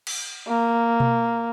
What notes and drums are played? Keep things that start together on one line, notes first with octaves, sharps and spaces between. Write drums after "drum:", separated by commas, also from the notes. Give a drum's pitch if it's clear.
drum: cymbal
A#3
drum: tom B2